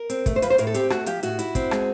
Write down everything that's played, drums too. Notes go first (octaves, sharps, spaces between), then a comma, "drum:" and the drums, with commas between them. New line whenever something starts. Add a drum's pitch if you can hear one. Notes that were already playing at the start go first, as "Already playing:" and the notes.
Already playing: A#4
C4, drum: hi-hat
A3, drum: kick, hi-hat
C5
F3 B4, drum: hi-hat
C5
A2 A#4, drum: hi-hat
A4
C4 G4, drum: hi-hat
A3 F#4, drum: rim click
F3 G4, drum: hi-hat
A2 F#4, drum: hi-hat
E4, drum: hi-hat
C4, drum: kick, hi-hat
G#3, drum: rim click